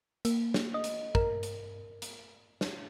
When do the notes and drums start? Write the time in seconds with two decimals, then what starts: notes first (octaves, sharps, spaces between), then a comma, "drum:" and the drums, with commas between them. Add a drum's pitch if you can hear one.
0.25 A#3, drum: hi-hat
0.54 drum: snare
0.74 D#5
0.84 drum: hi-hat
1.15 A#4, drum: kick
1.43 drum: hi-hat
2.02 drum: hi-hat
2.61 drum: snare